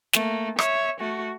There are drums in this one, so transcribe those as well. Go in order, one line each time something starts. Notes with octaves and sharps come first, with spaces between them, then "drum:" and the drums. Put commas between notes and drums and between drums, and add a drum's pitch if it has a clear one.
A3 A#3, drum: snare
C#5 E5, drum: rim click
A3 F#4